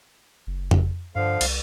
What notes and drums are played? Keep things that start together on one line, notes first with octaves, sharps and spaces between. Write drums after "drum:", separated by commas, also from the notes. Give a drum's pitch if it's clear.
F#1
drum: tom F2
G2 D3 F3 F5
C2, drum: cymbal